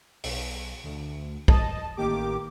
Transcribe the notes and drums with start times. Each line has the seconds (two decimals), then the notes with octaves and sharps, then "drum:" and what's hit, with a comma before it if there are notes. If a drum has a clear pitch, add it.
0.24 B1, drum: open hi-hat
0.83 D2
1.48 D#5 A5, drum: kick
1.97 A1 D#3 A#3 G4 D6